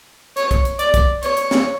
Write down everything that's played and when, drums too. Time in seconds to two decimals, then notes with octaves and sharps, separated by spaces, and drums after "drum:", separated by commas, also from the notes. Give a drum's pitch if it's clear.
0.37 C#5, drum: hi-hat
0.51 drum: kick, hi-hat
0.65 drum: hi-hat
0.79 D5, drum: hi-hat
0.94 drum: kick, hi-hat
1.23 C#5, drum: hi-hat
1.37 drum: hi-hat
1.51 drum: snare